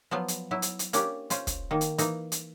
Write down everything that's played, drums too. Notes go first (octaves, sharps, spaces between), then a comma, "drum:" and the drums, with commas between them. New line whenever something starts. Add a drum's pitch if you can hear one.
F3 F#3 B3 F4
drum: hi-hat
F#3 E4
drum: hi-hat
drum: hi-hat
A#3 C#4 D4 G4, drum: hi-hat
C#4 F4 C5, drum: hi-hat
drum: kick, hi-hat
D#3 A#3
drum: hi-hat
E3 A#3 D#4, drum: hi-hat
drum: hi-hat